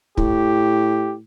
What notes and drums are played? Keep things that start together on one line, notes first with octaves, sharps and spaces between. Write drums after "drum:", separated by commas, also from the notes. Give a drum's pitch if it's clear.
A2 G4, drum: kick